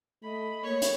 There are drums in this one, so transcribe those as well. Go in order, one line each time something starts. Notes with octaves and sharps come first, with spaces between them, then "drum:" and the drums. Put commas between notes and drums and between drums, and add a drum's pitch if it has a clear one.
A3 D#5 B5
A#3 C#5
drum: hi-hat